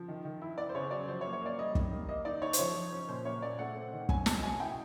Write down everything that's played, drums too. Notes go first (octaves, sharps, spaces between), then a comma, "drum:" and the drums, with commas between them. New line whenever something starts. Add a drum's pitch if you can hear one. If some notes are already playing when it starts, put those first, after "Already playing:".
Already playing: F3
D#3
D#3
E4
B3 D5
C5
C#3 C#5
F#3 D5
F3 C5
C#5
A#3
C#5
A#3 D5
G3 D#5
D#3, drum: kick
A#3
A#3 D#5
D#4 D5
D#4 C#5
C5, drum: hi-hat
F3 C#5
F3
C#4
A#2 C5
A#3 C#5
A#2 D5
A3 F#5
C4
D#3
C#4 G#5, drum: kick
B2 A5, drum: snare
B2 G#5
E4 G5